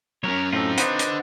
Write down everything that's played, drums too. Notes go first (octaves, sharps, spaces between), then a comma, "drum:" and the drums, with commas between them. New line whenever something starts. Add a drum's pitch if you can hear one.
F#3 C#4 A#4 C#5
A2 C4 D#4 F4 A4
D4 B4 C5 D#5 F#5, drum: hi-hat
drum: hi-hat